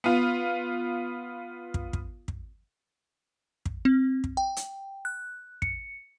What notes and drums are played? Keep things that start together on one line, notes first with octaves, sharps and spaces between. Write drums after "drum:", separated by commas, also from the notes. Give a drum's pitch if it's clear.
B3 F4
drum: kick
drum: kick
drum: kick
drum: kick
C4
drum: kick
G5
drum: hi-hat
F#6
C#7, drum: kick